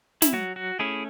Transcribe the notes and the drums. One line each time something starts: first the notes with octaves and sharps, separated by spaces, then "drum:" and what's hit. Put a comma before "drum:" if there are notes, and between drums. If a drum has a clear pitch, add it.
E4, drum: snare
F#3 F#4
F#4
A3 C#4 E4 G#4